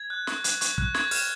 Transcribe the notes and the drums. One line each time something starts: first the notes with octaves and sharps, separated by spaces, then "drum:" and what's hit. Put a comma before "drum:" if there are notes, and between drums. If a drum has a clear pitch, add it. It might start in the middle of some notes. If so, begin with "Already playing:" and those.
Already playing: G#6
F#6
C#6, drum: snare
F#6, drum: hi-hat
C#6, drum: hi-hat
F#6, drum: kick
C#6 G#6, drum: snare
F6, drum: open hi-hat